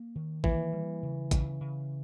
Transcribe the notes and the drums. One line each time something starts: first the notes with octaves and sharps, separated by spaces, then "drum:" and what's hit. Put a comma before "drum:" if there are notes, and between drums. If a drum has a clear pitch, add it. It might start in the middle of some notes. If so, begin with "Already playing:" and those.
Already playing: A#3
D#3
E3 A#3, drum: kick
G3
C#3
C#3, drum: kick, hi-hat
C#3